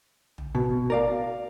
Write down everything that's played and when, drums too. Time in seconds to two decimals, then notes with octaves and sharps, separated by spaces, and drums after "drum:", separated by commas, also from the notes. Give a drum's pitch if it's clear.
0.38 drum: tom
0.55 B2
0.90 A#4 D5 F5